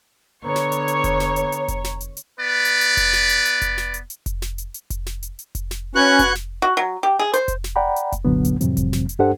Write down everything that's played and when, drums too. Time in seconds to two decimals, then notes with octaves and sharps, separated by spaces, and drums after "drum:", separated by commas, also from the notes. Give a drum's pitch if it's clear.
0.44 D3 B3 C#5 A#5
0.56 drum: snare
0.72 drum: hi-hat
0.88 drum: hi-hat
1.04 drum: kick F1, hi-hat
1.20 drum: snare
1.36 drum: hi-hat
1.52 drum: hi-hat
1.68 drum: kick F1, hi-hat
1.84 drum: snare
2.01 drum: hi-hat
2.17 drum: hi-hat
2.40 B3 B4 D5
2.65 drum: hi-hat
2.81 drum: hi-hat
2.97 drum: kick F1, hi-hat
3.13 drum: snare
3.29 drum: hi-hat
3.45 drum: hi-hat
3.62 drum: kick F1, hi-hat
3.78 drum: snare
3.94 drum: hi-hat
4.10 drum: hi-hat
4.26 drum: kick F1, hi-hat
4.42 drum: snare
4.58 drum: hi-hat
4.74 drum: hi-hat
4.90 drum: kick F1, hi-hat
5.06 drum: snare
5.23 drum: hi-hat
5.39 drum: hi-hat
5.55 drum: kick F1, hi-hat
5.71 drum: snare
5.95 C#4 F#4 B4 F#5 F#6 G#6
6.19 drum: kick F1, hi-hat
6.35 drum: snare
6.62 F#4
6.77 F#3
7.03 G4
7.19 G#4
7.33 C5, drum: hi-hat
7.48 drum: kick F1, hi-hat
7.64 drum: snare
7.76 D5 F#5 G5 A#5 B5
7.96 drum: hi-hat
8.12 drum: kick F1, hi-hat
8.25 C2 F#2 A#2 D3 F#3 B3
8.45 drum: hi-hat
8.61 F2 A2 C3 E3 F#3 C4, drum: hi-hat
8.77 drum: kick F1, hi-hat
8.93 drum: snare
9.09 drum: hi-hat
9.19 G2 D4 G4 A4 C5 F#5